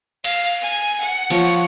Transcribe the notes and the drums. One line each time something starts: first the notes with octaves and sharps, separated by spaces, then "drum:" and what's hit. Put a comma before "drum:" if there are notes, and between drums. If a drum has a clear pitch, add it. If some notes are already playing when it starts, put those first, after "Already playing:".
F5, drum: cymbal
G#5
F#5
F3 C#5, drum: cymbal